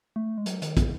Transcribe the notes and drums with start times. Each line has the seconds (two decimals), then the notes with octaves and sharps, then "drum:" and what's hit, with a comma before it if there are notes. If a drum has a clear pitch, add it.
0.16 A3
0.38 G#3
0.46 F#3, drum: hi-hat
0.62 D#3, drum: hi-hat
0.77 C#3, drum: kick, hi-hat